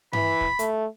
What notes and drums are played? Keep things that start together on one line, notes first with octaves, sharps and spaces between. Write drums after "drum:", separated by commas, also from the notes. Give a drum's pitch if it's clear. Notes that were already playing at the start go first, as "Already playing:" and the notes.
E3 B5, drum: tom G2
drum: kick
A3, drum: hi-hat